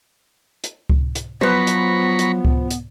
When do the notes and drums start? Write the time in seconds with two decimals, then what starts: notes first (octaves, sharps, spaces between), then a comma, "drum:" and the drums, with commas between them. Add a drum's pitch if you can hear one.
0.64 drum: hi-hat
0.90 drum: kick C#2
1.15 drum: hi-hat
1.41 F3 F#3 B3 B4 A#5 B5 C#6
1.67 drum: hi-hat
2.19 drum: hi-hat
2.45 drum: kick C#2
2.71 drum: hi-hat